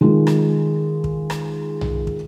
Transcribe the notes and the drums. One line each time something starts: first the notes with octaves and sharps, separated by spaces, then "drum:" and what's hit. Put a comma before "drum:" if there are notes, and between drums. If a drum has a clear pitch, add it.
D#3 G#3 F4
drum: rim click
drum: kick
drum: rim click
drum: tom B1
drum: kick